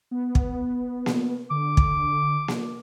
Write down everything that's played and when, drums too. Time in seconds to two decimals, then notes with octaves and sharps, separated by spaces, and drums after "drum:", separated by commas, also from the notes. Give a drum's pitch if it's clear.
0.11 B3
0.35 drum: kick
1.06 drum: snare A#3
1.51 D3 D6
1.77 drum: kick
2.48 drum: snare A#3